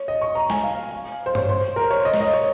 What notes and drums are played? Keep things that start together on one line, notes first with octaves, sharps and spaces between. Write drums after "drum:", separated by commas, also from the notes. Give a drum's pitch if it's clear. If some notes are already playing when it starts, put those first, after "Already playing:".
Already playing: C#5
D#5
C#6
A#5
G#5, drum: snare
F5
C5
C#5, drum: tom G2
C5
A#4
C#5
D#5
C#5, drum: snare
D#5
C#5